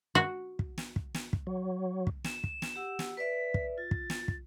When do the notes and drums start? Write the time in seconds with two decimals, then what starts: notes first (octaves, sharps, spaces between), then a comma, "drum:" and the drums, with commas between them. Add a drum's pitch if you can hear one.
0.15 F#4
0.59 drum: kick
0.78 drum: snare
0.96 drum: kick
1.14 drum: snare
1.33 drum: kick
1.47 F#3
2.07 drum: kick
2.24 E7, drum: snare
2.44 drum: kick
2.62 drum: snare
2.76 G4 F#5 E6
2.99 drum: snare
3.17 B4 D5 E5 B6
3.54 drum: kick
3.78 F4 A6
3.91 drum: kick
4.10 drum: snare
4.28 drum: kick